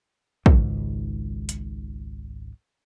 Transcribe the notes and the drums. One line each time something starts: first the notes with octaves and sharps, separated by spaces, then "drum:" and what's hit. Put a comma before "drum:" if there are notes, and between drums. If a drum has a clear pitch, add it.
G#1 C#2 G#2, drum: kick
drum: hi-hat